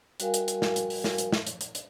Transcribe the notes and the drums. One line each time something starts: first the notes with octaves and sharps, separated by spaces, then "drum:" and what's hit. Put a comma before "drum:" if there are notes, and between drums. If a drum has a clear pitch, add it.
G3 F#4 A#4 F5 G#5, drum: hi-hat
drum: hi-hat
drum: hi-hat
drum: snare
drum: hi-hat
drum: open hi-hat
drum: snare
drum: hi-hat
drum: snare
drum: hi-hat
drum: hi-hat
drum: hi-hat